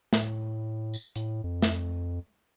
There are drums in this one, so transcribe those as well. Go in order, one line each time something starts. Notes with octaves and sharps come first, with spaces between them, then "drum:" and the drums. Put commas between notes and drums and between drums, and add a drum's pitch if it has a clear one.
A2, drum: snare
drum: tambourine
A2, drum: hi-hat
F2
drum: snare